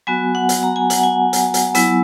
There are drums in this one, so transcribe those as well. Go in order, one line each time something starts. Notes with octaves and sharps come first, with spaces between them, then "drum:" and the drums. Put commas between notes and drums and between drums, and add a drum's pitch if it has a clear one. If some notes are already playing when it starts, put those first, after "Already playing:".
F#3 B3 F#4 G#5
F#5
drum: hi-hat
A#5
G#5
F#5, drum: hi-hat
G#5
drum: hi-hat
drum: hi-hat
F#3 B3 E4, drum: hi-hat